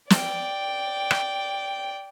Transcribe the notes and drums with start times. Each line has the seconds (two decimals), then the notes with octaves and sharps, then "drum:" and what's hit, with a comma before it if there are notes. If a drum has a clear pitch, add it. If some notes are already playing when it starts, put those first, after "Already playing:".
0.10 D5 G5, drum: snare
1.11 drum: rim click